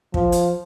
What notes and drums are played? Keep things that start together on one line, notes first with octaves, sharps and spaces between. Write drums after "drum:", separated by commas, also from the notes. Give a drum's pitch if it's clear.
F3, drum: kick
drum: hi-hat